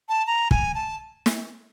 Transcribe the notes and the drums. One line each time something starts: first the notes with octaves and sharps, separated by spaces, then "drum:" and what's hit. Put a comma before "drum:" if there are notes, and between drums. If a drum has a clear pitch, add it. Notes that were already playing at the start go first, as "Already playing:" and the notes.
A5
A#5
G#5, drum: kick
A5
drum: snare